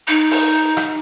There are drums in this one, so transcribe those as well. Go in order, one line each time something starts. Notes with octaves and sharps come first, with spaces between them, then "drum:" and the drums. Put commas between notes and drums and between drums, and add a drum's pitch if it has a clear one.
D#4
drum: open hi-hat
drum: rim click